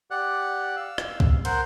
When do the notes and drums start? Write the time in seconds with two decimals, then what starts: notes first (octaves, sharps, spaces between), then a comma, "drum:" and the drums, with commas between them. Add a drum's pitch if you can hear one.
0.11 G4 D5 F#5 F#6
0.76 F5 E6
0.98 drum: rim click
1.20 drum: kick C2
1.45 A#4 C5 F#5 C6, drum: cymbal